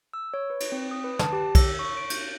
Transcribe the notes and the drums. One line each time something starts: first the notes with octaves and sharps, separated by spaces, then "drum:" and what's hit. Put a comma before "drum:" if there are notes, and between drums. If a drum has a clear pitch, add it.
E6
C#5
B4
drum: cymbal
C4
D#6
B4
A5, drum: snare
G4
E6, drum: kick, cymbal
C#6
D7
G6, drum: cymbal